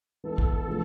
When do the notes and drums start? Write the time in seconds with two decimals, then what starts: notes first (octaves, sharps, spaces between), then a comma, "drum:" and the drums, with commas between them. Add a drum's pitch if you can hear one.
0.24 E3 G#3 B3 E4 A4
0.38 drum: kick
0.67 C3 F3 A3 D4 G#4